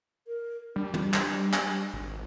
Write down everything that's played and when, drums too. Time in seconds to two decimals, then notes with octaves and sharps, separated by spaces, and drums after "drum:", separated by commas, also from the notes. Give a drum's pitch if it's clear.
0.28 A#4
0.76 G3 D4
0.94 drum: tom
1.14 drum: clap
1.54 drum: clap
1.93 G#1